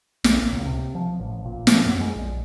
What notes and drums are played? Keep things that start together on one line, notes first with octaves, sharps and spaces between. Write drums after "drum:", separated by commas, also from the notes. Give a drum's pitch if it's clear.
A#1, drum: snare
A#2
C#2
C3
F3
A1
A#2
F3, drum: snare
F#2
G#3
A#1